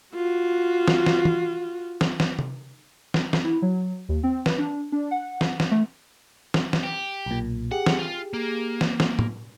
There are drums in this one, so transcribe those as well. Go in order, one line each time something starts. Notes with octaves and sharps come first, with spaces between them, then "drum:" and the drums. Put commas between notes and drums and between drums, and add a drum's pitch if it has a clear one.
F4 F#4
drum: snare
drum: snare
drum: tom
drum: snare
drum: snare
drum: tom C3
drum: snare
drum: snare
E4
F#3
D#2
C4
B4, drum: snare
D4
D4
F#5
drum: snare
drum: snare
A3
drum: snare
drum: snare
G4
B1 A#2
G4 G#4 F#5
drum: snare
F4
A#3
drum: snare
drum: snare
drum: tom